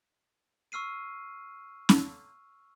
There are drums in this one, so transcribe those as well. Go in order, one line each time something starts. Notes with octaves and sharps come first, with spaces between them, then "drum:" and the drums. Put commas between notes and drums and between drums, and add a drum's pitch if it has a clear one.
C#6 E6 F6 C7 D#7
drum: snare C#4